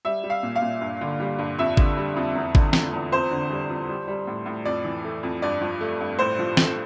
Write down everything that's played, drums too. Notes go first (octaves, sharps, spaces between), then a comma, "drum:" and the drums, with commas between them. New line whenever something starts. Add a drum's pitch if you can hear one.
G3 E5
G3
F5
A#2
F5
A#2
G2
D3
G3
G2
F2 E5
D3, drum: kick G#1
G3
F2
E2
D3, drum: kick G#1
A3, drum: snare
E2
F2 C5
D3
G3
F2
G3
G3
A2
A2
F2 D5
E3
A3
F2
G2 D5
F3
A3
G2
A2 C5
F3
A3, drum: snare